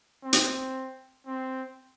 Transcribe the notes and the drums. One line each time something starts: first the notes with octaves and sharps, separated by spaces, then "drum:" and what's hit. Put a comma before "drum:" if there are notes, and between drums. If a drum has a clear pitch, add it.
C4
drum: hi-hat
C4